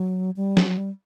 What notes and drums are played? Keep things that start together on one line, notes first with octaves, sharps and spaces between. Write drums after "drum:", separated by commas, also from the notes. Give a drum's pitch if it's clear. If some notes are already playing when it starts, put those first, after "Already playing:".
Already playing: F#3
G3
F#3, drum: snare
G3